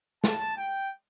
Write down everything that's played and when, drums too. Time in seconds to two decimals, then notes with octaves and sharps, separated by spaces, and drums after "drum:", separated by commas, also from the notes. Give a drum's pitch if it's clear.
0.24 A5, drum: snare
0.57 G5